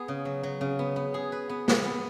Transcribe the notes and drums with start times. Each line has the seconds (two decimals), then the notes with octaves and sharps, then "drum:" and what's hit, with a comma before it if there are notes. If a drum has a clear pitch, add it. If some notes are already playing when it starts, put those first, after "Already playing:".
Already playing: B3 G#4
0.08 C#3
0.25 F#3
0.43 F#3
0.61 C#3
0.79 B3
0.96 B3
1.14 G#4
1.32 B4
1.49 B3
1.68 B3, drum: snare
1.85 B3